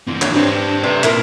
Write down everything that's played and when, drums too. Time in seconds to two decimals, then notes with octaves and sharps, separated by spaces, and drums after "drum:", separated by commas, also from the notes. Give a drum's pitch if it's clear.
0.08 E3 C4
0.22 G2 D4 C#5, drum: clap
0.34 C4 D4 G4 B4
0.83 C3 A3 B4 D5
1.04 A#2 E4 A#4, drum: clap